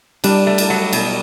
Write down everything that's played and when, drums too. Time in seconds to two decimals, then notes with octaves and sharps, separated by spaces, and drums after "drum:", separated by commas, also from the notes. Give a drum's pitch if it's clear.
0.24 G3 D4, drum: cymbal
0.47 A3
0.58 drum: cymbal
0.70 F#3
0.93 B2, drum: cymbal